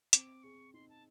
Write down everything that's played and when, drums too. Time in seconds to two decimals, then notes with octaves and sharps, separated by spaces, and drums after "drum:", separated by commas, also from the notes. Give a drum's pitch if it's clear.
0.13 C4 D6, drum: hi-hat
0.43 G#4 C#6
0.74 D#4 C6
0.89 A5